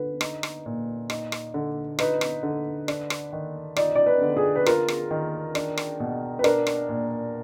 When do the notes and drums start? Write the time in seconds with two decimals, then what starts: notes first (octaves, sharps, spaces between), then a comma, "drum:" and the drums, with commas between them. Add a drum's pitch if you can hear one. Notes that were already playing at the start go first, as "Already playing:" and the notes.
Already playing: D3 B4
0.21 D#4, drum: rim click
0.43 drum: rim click
0.66 A#2
1.10 D#4, drum: rim click
1.32 drum: rim click
1.54 D3
1.99 D#4 B4, drum: rim click
2.21 drum: rim click
2.43 D3
2.88 D4, drum: rim click
3.10 drum: rim click
3.33 D#3
3.76 D#4 D5, drum: rim click
3.95 D5
4.06 B4
4.22 D3
4.37 G#4
4.56 B4
4.66 F4 A#4, drum: rim click
4.88 drum: rim click
5.11 D#3
5.55 D4, drum: rim click
5.77 drum: rim click
6.00 B2
6.39 B4
6.44 D4 A#4, drum: rim click
6.67 drum: rim click
6.89 A#2